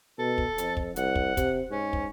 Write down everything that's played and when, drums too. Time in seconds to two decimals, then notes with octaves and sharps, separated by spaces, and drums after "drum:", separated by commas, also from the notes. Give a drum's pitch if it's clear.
0.19 B2 A4
0.38 drum: kick
0.58 F2, drum: hi-hat
0.77 drum: kick
0.96 C2 F#5, drum: hi-hat
1.15 drum: kick
1.37 C3, drum: kick, hi-hat
1.70 G#2 C#4
1.93 drum: kick